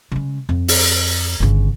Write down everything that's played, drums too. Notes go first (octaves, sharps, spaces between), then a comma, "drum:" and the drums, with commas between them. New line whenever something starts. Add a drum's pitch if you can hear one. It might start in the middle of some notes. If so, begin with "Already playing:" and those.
C#3 G#3
F2
drum: open hi-hat
G1 C#3